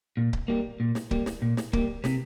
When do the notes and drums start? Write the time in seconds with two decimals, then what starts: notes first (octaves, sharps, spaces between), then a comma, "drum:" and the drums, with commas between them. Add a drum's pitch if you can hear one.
0.17 A#2
0.33 drum: kick C#1
0.48 G3 A#3
0.80 A#2
0.95 drum: snare
1.11 G3 A#3, drum: kick C#1
1.26 drum: snare
1.42 A#2
1.57 drum: snare
1.73 G3 A#3, drum: kick C#1
2.04 C3, drum: snare